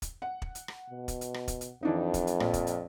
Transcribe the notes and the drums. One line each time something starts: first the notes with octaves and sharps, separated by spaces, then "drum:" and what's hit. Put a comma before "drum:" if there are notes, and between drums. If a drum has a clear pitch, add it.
drum: kick, hi-hat
F#5
drum: kick
drum: hi-hat
drum: rim click
B2
drum: kick, hi-hat
drum: hi-hat
drum: rim click
drum: kick, hi-hat
drum: hi-hat
F2 E3 D4 D#4
drum: kick, hi-hat
drum: hi-hat
A#1, drum: rim click
drum: kick, hi-hat
drum: hi-hat